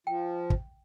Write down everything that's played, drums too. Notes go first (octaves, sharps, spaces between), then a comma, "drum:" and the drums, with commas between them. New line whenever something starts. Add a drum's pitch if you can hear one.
F3 G5
drum: kick